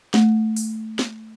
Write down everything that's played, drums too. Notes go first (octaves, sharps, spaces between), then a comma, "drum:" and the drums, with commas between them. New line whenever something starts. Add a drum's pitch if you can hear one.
A3, drum: snare
drum: open hi-hat
drum: snare